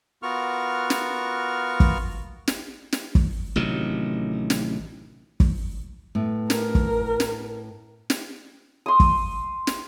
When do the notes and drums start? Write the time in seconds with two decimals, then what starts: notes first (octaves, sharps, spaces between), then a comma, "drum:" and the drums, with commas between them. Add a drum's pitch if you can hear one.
0.23 B3 F4 F#4 A#4 C#6 F6
0.90 drum: snare
1.80 drum: kick
2.48 drum: snare
2.93 drum: snare
3.15 drum: kick
3.56 A1 C3 D#3 F#3
4.50 drum: snare
5.40 drum: kick
6.15 A2 B3
6.50 A#4, drum: snare
6.75 drum: kick
7.20 drum: snare
8.10 drum: snare
8.86 C6 D#6
9.00 drum: kick
9.67 drum: snare